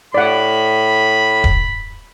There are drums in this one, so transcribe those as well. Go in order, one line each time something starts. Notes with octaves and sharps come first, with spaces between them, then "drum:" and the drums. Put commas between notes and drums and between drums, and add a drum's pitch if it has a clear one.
A2 D5 F#5 B5
drum: kick